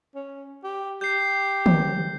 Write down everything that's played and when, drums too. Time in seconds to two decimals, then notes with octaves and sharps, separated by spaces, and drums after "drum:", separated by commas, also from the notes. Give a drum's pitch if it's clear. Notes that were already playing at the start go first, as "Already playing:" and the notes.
0.15 C#4
0.64 G4
1.01 G4 G6 C7
1.66 drum: tom